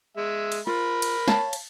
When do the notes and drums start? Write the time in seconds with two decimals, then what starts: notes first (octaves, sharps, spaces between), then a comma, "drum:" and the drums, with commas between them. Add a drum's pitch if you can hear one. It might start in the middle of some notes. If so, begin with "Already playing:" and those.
0.17 G#3 E5
0.52 drum: cymbal
0.67 F4 A#4 B5
1.02 drum: cymbal
1.28 C#5 F5 A5, drum: snare
1.53 drum: cymbal